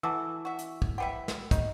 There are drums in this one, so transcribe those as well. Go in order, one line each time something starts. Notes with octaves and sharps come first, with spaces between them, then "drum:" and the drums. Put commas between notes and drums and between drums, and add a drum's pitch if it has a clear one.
E3 F#4 A4 A5 D6 E6
F#4 E5
drum: hi-hat
drum: kick
G4 B4 E5 F#5 G5
drum: snare
D#4 G4, drum: kick, hi-hat